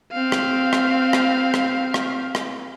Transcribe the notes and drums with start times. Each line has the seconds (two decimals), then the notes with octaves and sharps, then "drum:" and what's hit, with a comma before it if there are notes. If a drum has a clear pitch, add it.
0.12 C4 F5
0.32 drum: rim click
0.73 drum: rim click
1.13 drum: rim click
1.54 drum: rim click
1.94 drum: rim click
2.35 drum: rim click